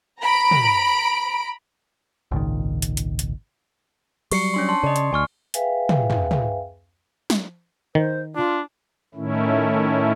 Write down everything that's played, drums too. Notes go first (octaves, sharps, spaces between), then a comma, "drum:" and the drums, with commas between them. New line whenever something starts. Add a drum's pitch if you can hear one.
A#5 B5 D7
drum: tom
G#1 C#2 A#2 D#3
drum: hi-hat
drum: hi-hat
drum: hi-hat
F#3 G3 C#6 C7 C#7, drum: cymbal
C#4 D4 C6
A5 C6
C#3 D5 D#5
drum: hi-hat
D2 G#5 C#6 F6
G#4 B4 E5 F5 G5 G#5, drum: hi-hat
drum: tom
drum: tom
drum: tom
drum: snare
D#3 C5
D4 F4
A2 D#3 A3 C#4 E4